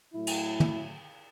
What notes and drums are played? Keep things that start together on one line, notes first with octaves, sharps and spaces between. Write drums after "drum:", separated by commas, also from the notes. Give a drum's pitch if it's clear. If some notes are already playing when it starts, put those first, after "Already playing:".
A2 F#3 A3 E4
drum: cymbal
drum: tom